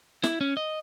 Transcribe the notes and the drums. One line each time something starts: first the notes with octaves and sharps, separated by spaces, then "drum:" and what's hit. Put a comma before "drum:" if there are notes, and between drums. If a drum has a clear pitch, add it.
E4, drum: snare
C#4
D#5